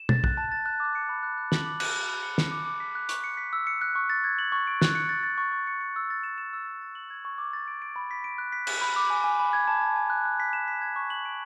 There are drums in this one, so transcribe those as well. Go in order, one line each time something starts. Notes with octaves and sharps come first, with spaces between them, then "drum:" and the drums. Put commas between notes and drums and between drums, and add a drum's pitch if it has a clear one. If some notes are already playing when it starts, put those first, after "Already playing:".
Already playing: E7
A6, drum: tom
F#6, drum: kick
A5
A6
F#6
D6
C#7
B5
F#6
F#6
F#7, drum: snare
D6
F#6, drum: cymbal
B5
B5
C#7
C#7, drum: snare
D6
D6
B6
F#6
C#6, drum: hi-hat
C#7
B6
E6
C#7
F#6
C#6
A6
G#6
F#7
C#6
D7
F#6, drum: snare
C#7
A6
A6
C#6
C#6
C#7
C#7
E6
A6
E7
E7
E6
A6
A6
F#7
G#6
C#6
D6
A6
D7
D7
B5
B6
D7
F#6
B6
F#6, drum: cymbal
B5
D6
G#5
G#5
B5
G#6
A5
A5
G#5
F#6
F#6
B6
E7
B6
G#6
C#6
F#7
D7